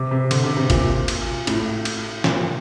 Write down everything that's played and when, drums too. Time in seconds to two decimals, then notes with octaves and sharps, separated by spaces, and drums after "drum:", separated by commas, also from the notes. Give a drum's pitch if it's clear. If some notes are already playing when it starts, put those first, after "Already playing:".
Already playing: C3
0.11 C3
0.31 D3, drum: cymbal
0.44 C3
0.57 C3
0.70 A#2, drum: kick G#1, cymbal
1.08 drum: cymbal
1.47 A2, drum: cymbal
1.85 drum: cymbal
2.24 A#2, drum: snare